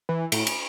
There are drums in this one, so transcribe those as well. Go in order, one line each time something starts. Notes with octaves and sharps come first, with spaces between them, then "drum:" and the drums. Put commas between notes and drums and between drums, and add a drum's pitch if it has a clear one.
E3
A2, drum: cymbal
drum: cymbal